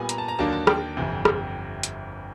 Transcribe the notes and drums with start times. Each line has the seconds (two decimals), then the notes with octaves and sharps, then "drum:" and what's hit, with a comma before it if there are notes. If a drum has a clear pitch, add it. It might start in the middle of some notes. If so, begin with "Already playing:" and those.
Already playing: A#2 G3 B3 G#5
0.09 A#5, drum: hi-hat
0.18 A5
0.28 A#5
0.39 D#2 D3 F#3 A#3 D4 A5
0.53 A5
0.67 G5, drum: rim click
0.97 G1 F2 C3 E3
1.25 drum: rim click
1.83 drum: hi-hat